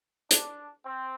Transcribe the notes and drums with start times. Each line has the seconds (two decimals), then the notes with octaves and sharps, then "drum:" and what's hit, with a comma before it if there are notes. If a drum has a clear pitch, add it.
0.31 D4, drum: hi-hat
0.85 C4